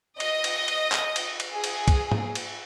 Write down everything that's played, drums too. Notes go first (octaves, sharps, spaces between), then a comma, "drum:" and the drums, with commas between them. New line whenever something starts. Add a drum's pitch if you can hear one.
D#5, drum: cymbal
drum: cymbal
drum: cymbal
drum: clap
drum: cymbal
drum: cymbal
G#4
drum: cymbal
drum: kick C2, cymbal
drum: tom G#2
drum: cymbal